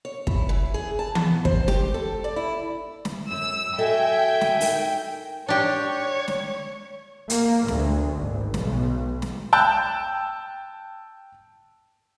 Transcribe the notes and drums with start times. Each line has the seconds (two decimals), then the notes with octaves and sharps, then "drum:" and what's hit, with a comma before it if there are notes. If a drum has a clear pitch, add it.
0.05 C#5
0.27 E4, drum: kick
0.49 E3
0.74 G#4
0.99 A5
1.15 B3, drum: tom E3
1.45 C5, drum: kick
1.68 G4, drum: snare
1.94 A4
2.24 D5
2.36 E4
3.05 drum: snare
3.31 F#2 E6
3.78 F#3 A4 D#5 E5 G5 G#5
4.41 drum: snare
4.61 D#4 A#4, drum: open hi-hat
5.49 D4 G4 C#5
6.28 drum: snare
7.30 A#3, drum: hi-hat
7.68 D2, drum: snare
8.18 G#1
8.54 B1, drum: snare
9.22 drum: snare
9.53 G5 A5 E6 F#6 G6